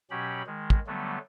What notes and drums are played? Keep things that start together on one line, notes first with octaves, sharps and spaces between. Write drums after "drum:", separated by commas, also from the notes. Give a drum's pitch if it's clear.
B2 F#3 C#4 G4 B5
D#3 G#3
drum: kick
D3 F#3 G3 A3 B3